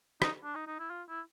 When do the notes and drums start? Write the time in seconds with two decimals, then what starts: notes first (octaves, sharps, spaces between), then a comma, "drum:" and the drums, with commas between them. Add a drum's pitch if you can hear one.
0.22 D#4, drum: rim click
0.44 D4
0.55 D#4
0.67 D#4
0.79 E4
0.90 F4
1.08 E4